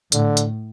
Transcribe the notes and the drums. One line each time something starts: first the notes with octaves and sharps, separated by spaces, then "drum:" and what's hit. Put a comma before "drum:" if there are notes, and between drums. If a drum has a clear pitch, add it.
A2 D3, drum: hi-hat
drum: hi-hat